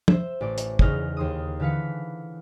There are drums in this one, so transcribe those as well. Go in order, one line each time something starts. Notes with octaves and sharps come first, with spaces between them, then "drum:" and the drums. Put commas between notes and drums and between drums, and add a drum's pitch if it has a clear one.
C5 E5, drum: tom F3
A1 D5 D6
drum: hi-hat
E2 C#3 C#4 D#4 F6 A#6, drum: kick
D#2 C6 D#6
D3 E3 B4 F5 B6 C#7